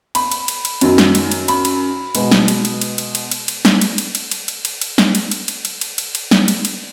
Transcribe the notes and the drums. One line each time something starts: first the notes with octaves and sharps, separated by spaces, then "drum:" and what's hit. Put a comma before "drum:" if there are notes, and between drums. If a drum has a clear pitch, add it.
B5, drum: cymbal
drum: cymbal
drum: cymbal
drum: cymbal
F#2 D#3 F#3, drum: cymbal
drum: snare
drum: cymbal
drum: cymbal
B5, drum: cymbal
drum: cymbal
B2 G#3 B3, drum: cymbal
drum: snare
drum: cymbal
drum: cymbal
drum: cymbal
drum: cymbal
drum: cymbal
drum: cymbal
drum: cymbal
drum: snare
drum: cymbal
drum: cymbal
drum: cymbal
drum: cymbal
drum: cymbal
drum: cymbal
drum: cymbal
drum: snare
drum: cymbal
drum: cymbal
drum: cymbal
drum: cymbal
drum: cymbal
drum: cymbal
drum: cymbal
drum: snare
drum: cymbal
drum: cymbal